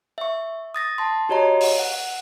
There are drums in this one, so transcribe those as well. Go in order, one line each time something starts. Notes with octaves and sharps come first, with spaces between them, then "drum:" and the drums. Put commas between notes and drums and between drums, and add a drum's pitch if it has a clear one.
E5 C#6
D#6 A6 A#6
A5 C6
F#4 G4 C#5 D#5 A#5
drum: open hi-hat
F#5